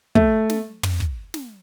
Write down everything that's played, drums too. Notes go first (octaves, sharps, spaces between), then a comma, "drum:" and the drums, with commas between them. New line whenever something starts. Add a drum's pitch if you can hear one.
A3, drum: kick
drum: snare
drum: tom
drum: kick
drum: snare